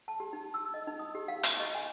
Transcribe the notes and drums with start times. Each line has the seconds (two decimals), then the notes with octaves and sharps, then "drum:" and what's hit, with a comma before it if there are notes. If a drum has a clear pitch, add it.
0.08 A5
0.20 G4
0.33 D#4
0.54 E6
0.74 D#5
0.87 D#4
0.99 D#6
1.15 G4
1.28 F5
1.43 C#6, drum: hi-hat
1.60 D#5
1.75 G#5